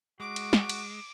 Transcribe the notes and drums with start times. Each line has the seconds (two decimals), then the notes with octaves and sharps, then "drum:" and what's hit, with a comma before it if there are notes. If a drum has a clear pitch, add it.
0.20 G#3 F#4 D6
0.36 drum: cymbal
0.53 drum: snare
0.69 drum: cymbal